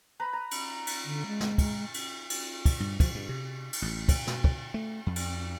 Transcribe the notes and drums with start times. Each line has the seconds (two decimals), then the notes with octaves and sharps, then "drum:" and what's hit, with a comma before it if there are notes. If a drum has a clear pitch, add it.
0.20 B4 A#5 B5
0.33 A#5
0.51 drum: cymbal
0.87 drum: cymbal
1.05 D3
1.27 G#3
1.40 drum: snare
1.58 drum: kick, cymbal
1.94 drum: cymbal
2.30 drum: cymbal
2.66 drum: kick, cymbal
2.80 G2
3.00 F3, drum: kick, cymbal
3.15 G2
3.29 C3
3.73 drum: cymbal
3.82 A1
4.09 drum: kick, cymbal
4.27 B2, drum: snare
4.44 drum: kick
4.74 A3
5.06 F2
5.16 drum: cymbal